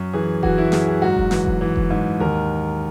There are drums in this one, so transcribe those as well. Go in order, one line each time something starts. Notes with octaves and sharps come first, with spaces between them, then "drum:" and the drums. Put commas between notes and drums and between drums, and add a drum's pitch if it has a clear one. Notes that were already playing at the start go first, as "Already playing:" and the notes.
Already playing: F#2
E3 G#4
E3 F#4, drum: kick F1
E4
F#2 G#4, drum: snare
G#4
G#2 F#4
drum: kick F1
E3, drum: snare
drum: kick F1
E3
drum: kick F1
G#2
D#2 A#4